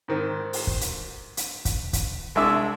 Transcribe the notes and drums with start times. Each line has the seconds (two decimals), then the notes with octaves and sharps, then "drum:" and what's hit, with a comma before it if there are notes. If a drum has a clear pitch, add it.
0.08 G#2 D#3 C4
0.53 drum: open hi-hat
0.67 drum: kick
0.81 drum: hi-hat
1.37 drum: hi-hat
1.65 drum: kick, hi-hat
1.93 drum: kick, hi-hat
2.35 C2 G#3 D4 E5 D6 E6